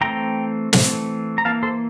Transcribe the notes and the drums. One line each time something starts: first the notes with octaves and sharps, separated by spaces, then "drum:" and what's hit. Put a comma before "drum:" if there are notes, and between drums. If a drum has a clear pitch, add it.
E3 A3 C4 G5 A#5
E3 A3 C4, drum: snare
A#5
E3 A#3 F5 A5
A4 C5